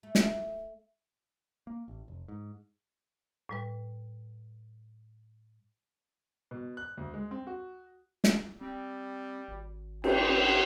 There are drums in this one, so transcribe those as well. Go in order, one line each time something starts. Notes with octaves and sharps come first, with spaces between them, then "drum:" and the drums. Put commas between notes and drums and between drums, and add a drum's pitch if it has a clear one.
A3
drum: snare
A#3
A1
F1
G#2
A2 G3 B4
B2
F#6
D2
G#3
C4
F#4
drum: snare
G3 C4
G#1
G5, drum: cymbal